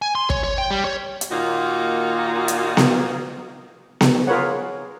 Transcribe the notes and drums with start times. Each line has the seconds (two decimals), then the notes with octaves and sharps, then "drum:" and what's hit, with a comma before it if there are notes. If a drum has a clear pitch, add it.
0.02 G#5
0.15 C6
0.30 C#5, drum: kick
0.44 C#5
0.58 G5
0.71 G3
0.85 C#5
1.21 drum: hi-hat
1.31 A#2 D#3 A#3 D#4 F4 F#4
2.48 drum: hi-hat
2.77 drum: snare B3
4.01 drum: snare B3
4.27 F4 G#4 A#4 B4 C#5 F#5